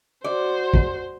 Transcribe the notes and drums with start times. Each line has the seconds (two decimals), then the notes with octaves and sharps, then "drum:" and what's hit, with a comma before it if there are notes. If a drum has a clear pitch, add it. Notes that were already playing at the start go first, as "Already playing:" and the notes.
0.24 F#4 C5 D5
0.74 drum: kick